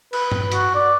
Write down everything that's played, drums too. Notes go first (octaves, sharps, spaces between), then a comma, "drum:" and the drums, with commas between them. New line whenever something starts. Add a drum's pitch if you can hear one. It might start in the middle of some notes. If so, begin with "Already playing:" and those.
B4, drum: cymbal
drum: tom G2
F#4, drum: hi-hat
D5